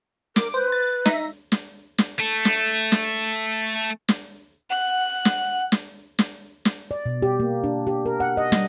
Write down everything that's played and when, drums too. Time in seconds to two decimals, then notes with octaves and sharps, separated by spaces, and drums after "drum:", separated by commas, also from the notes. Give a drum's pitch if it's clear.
0.36 A#4 D6, drum: snare
0.54 B4 C5
0.72 A6
1.06 D#4 E5 A#6, drum: snare
1.52 drum: snare
1.98 drum: snare
2.19 A3 A4
2.45 drum: snare
2.92 drum: snare
4.08 drum: snare
4.70 F#5 F#6
5.25 drum: snare
5.72 drum: snare
6.19 drum: snare
6.65 drum: snare
6.91 D5
7.06 B2
7.22 G4
7.40 A#3
7.64 D4
7.87 G4
8.06 A#4
8.20 F#5
8.37 D#5
8.52 G3, drum: snare